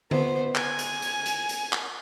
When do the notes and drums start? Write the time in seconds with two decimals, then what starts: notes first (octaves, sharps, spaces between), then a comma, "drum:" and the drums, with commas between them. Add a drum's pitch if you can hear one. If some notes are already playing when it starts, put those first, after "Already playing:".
0.11 B3 C5, drum: tom D3
0.55 G#5, drum: clap
0.79 drum: hi-hat
1.02 drum: hi-hat
1.26 drum: hi-hat
1.49 drum: hi-hat
1.73 drum: clap